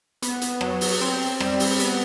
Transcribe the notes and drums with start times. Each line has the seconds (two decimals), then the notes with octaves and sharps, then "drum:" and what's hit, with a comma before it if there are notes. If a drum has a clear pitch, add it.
0.22 B3, drum: hi-hat
0.41 drum: hi-hat
0.61 F#3, drum: rim click
0.81 drum: open hi-hat
1.01 C4
1.40 G3, drum: rim click
1.60 drum: open hi-hat
1.79 B3, drum: hi-hat